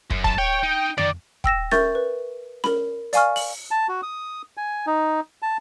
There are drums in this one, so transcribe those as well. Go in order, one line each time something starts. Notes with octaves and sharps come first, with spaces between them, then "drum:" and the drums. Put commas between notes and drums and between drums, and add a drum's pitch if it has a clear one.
F#2, drum: kick
A5, drum: kick
C#5 G5
D#4
D#3 D5, drum: tom F2
G5 E6 A#6 E7, drum: kick
A#4 E5 C#6 G6 A6, drum: snare C#4
B4
A#4 B5, drum: snare C#4
D5 F5 G#5 C#6 F6, drum: hi-hat
F#7, drum: open hi-hat
A5
F#4
D#6
G#5
D#4
A5